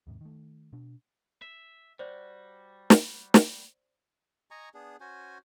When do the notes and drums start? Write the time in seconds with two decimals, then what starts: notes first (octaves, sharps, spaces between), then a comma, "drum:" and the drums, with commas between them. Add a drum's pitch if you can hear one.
0.07 D#2 G#2 C3
0.21 D#3 A3
0.73 B2 D4
1.42 E5
1.99 G3 F#4 C5 D5
2.90 drum: snare
3.34 drum: snare
4.51 D#5 G#5 A#5 C#6
4.74 B3 D4 G#4
5.00 C#4 F#4 C5 G#5